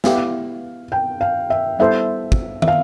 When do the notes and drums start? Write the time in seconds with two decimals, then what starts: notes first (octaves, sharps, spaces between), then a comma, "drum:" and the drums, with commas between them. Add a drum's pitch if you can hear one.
0.04 B3 E4 G4 F5, drum: snare
0.92 G5
1.21 F5
1.50 E5
1.79 G3 B3 E4 A4 C5 E5
2.32 drum: kick
2.62 E5, drum: tom
2.68 F5